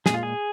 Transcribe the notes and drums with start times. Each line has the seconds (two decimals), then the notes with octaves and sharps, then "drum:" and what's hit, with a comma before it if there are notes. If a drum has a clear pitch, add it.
0.06 A#2 G#3 G#4, drum: snare
0.14 F4
0.23 G#4